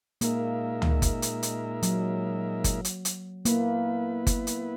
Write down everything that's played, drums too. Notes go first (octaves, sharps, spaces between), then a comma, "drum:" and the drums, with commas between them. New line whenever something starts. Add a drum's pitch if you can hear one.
A#2 G#3 A#3 D#4 A#4 E5, drum: hi-hat
drum: tom C#2
drum: kick G1, hi-hat
drum: hi-hat
drum: hi-hat
F#3, drum: hi-hat
drum: kick G1, hi-hat
drum: hi-hat
drum: hi-hat
A#3 B3 E4 B4, drum: hi-hat
drum: kick G1, hi-hat
drum: hi-hat